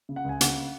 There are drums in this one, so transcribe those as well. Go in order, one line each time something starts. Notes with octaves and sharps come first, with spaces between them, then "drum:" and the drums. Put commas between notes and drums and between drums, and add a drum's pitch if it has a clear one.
C#3
F#5
C#2 G#5
C#3 F#5, drum: hi-hat